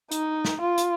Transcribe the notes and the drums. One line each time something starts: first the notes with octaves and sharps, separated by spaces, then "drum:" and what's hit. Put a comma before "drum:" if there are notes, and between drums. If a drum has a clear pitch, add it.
D#4, drum: hi-hat
drum: snare
F4
drum: hi-hat